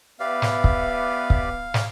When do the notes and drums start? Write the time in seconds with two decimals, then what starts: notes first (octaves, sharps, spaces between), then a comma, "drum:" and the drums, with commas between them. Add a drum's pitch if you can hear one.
0.20 B3 G4 B4 D5 E5 F5
0.42 drum: snare
0.64 drum: kick
1.30 drum: kick
1.74 drum: snare